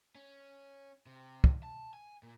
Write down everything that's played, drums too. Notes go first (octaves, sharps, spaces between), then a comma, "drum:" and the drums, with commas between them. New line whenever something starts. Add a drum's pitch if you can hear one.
C#4
C3
drum: kick
A5
G#5
A#2